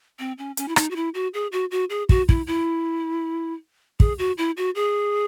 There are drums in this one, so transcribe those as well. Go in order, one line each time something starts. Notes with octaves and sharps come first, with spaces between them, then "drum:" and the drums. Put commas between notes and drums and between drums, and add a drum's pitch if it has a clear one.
C4
C#4
C#4, drum: hi-hat
E4
D#4, drum: rim click
F#4
E4
F#4
G#4
F#4
F#4
G#4
F#4, drum: kick
E4, drum: kick
E4
G#4, drum: kick
F#4
E4
F#4
G#4